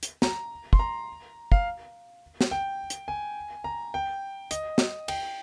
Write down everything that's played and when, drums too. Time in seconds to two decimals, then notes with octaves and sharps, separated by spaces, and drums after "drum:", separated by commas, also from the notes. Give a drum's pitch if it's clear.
0.03 drum: hi-hat
0.22 A#5, drum: snare
0.73 C6, drum: kick
0.79 A#5
1.52 F5, drum: kick
2.41 drum: snare
2.51 G5
2.90 drum: hi-hat
3.08 G#5
3.64 A#5
3.94 G5
4.51 D#5, drum: hi-hat
4.78 drum: snare
5.08 G5, drum: cymbal